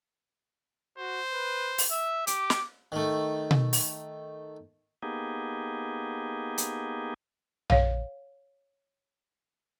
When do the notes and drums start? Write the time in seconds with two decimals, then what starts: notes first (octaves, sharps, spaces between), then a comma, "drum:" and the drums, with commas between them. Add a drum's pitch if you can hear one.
0.98 F#4 C5
1.33 B4
1.78 drum: open hi-hat
1.91 E5
2.27 G4 D6, drum: hi-hat
2.50 drum: snare
2.92 D#3 A3
3.51 drum: tom B2
3.73 drum: open hi-hat
5.02 A#3 B3 D#4 G4 G#4
6.58 drum: hi-hat
7.70 C#5 F5, drum: tom A#1